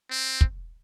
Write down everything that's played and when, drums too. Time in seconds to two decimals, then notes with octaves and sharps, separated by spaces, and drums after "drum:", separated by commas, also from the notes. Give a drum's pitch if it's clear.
0.11 C4
0.41 drum: kick